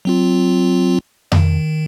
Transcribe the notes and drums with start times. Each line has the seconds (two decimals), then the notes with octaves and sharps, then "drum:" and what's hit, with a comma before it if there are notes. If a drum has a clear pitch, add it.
0.05 F#3 C4 F4
1.32 D#3, drum: tom F2